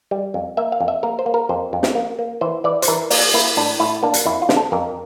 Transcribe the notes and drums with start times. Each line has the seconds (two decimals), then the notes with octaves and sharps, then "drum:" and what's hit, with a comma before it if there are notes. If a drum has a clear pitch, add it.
0.11 G3
0.34 F2
0.57 A#3 E5
0.72 F5
0.80 F2
0.88 E5
1.03 A#3 A#4
1.19 C5
1.26 A#3
1.34 A#4
1.49 F2 C5
1.73 F2
1.83 drum: snare
1.95 A#3
2.19 A#3
2.41 E3 C5
2.64 E3 D5
2.82 C5, drum: hi-hat
2.88 E3 A#4
3.10 A#3 D5, drum: open hi-hat
3.34 A#3 E4
3.57 A2 D4
3.80 A2 E4
4.03 A#3 D4
4.14 drum: hi-hat
4.26 F2 E4
4.42 F4
4.49 D3, drum: snare
4.57 A4
4.72 F2 A#4